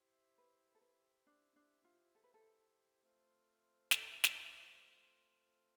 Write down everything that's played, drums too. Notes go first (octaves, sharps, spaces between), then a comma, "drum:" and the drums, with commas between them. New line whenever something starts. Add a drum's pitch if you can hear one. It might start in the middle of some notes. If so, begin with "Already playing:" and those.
Already playing: E4 G4 C5 E5
B4
A4
B4
D4
D4
F4
A4
B4
A4
A3 C4 F4 C5
A4, drum: snare
drum: snare